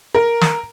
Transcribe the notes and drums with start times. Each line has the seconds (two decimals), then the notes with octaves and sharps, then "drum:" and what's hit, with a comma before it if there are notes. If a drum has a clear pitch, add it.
0.15 A#4
0.41 drum: snare